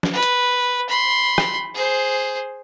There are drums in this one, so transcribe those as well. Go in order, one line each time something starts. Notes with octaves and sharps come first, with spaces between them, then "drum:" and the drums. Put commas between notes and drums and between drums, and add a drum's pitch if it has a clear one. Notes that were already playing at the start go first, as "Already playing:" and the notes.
drum: snare
B4
drum: hi-hat
B5 C6
drum: rim click
G#4 C5